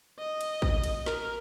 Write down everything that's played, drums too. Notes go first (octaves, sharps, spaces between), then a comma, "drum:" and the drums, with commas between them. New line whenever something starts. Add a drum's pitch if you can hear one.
D#5
drum: cymbal
drum: kick
drum: cymbal
A#4, drum: snare